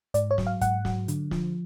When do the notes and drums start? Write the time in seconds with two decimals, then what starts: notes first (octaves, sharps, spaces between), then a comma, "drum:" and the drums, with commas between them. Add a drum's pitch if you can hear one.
0.14 G#2 D5, drum: hi-hat
0.31 C#5
0.38 F#3, drum: snare
0.47 F5
0.61 G#2 F#5, drum: kick, hi-hat
0.85 F#3, drum: snare
1.08 D3, drum: hi-hat
1.31 F3, drum: snare